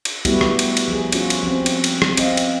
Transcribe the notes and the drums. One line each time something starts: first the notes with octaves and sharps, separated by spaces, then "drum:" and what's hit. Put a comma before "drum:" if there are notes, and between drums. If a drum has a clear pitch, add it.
drum: cymbal
G3 A3 B3 E4 F#4 G4, drum: cymbal
drum: rim click
drum: cymbal
drum: cymbal
F3 G#4
C#4 F4 F#4, drum: cymbal
drum: cymbal
F3 C4
drum: cymbal
drum: cymbal
drum: rim click
C4 D#5 F5, drum: cymbal
drum: cymbal